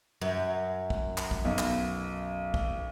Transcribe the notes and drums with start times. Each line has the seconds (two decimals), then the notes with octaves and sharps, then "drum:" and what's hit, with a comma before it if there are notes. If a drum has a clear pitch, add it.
0.22 F#2
0.90 drum: kick
1.18 drum: clap
1.31 drum: kick
1.45 B1
1.58 drum: clap
2.54 drum: kick